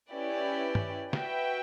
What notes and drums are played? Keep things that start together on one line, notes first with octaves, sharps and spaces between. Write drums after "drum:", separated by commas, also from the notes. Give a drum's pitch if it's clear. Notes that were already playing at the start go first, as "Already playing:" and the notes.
C#4 E4 G4 B4 D5
drum: tom
F#4 B4 E5 G5, drum: snare